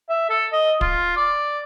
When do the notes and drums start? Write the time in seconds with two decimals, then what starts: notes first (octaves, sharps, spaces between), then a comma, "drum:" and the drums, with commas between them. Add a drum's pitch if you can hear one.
0.09 E5
0.30 A4
0.53 D#5
0.81 F4, drum: kick
1.16 D5